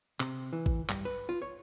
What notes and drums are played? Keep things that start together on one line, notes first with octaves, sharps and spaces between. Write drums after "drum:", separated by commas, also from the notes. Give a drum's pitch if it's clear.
C3, drum: clap
E3
drum: kick A1
G2, drum: clap
B4
F4
C#5